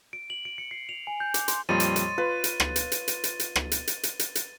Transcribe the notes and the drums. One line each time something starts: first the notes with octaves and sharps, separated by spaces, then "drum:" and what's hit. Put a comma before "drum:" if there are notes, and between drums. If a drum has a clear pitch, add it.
D7
F#7
D7
C#7
C7
F7
G#5
G6
D6, drum: hi-hat
C6, drum: hi-hat
F2 A#2 G3 C#5 D#5 C6 A6 D#7
drum: hi-hat
drum: hi-hat
F4 B4
drum: hi-hat
drum: rim click
drum: hi-hat
drum: hi-hat
drum: hi-hat
drum: hi-hat
drum: hi-hat
drum: rim click
drum: hi-hat
drum: hi-hat
drum: hi-hat
drum: hi-hat
drum: hi-hat